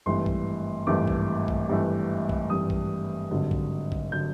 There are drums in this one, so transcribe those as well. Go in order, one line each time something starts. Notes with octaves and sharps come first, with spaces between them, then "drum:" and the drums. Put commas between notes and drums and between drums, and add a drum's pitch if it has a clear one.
G#1 G2 E3 A3 C6
drum: kick A#1
G#1 G2 E3 A3 D6
drum: kick A#1
drum: kick A#1
G#1 G2 E3 A3
drum: kick A#1
G#1 G2 E3 A3 D#6
drum: kick A#1
G#1 G2 D3 F#3
drum: kick A#1
drum: kick A#1
D3 F#3 G6